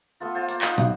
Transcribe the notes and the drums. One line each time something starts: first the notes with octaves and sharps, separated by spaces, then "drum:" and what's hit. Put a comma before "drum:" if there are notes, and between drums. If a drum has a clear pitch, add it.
A3 B3 F4
F4 C5
A#3, drum: hi-hat
D#4 F5 F#5, drum: clap
B1, drum: hi-hat